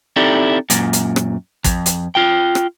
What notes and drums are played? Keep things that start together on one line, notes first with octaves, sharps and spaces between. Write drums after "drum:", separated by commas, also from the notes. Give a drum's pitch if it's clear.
C4 D#4 E4 G4 A4 D5
F#2 A#2, drum: hi-hat
drum: hi-hat
drum: rim click
F2, drum: kick, hi-hat
drum: hi-hat
F4 G5
drum: rim click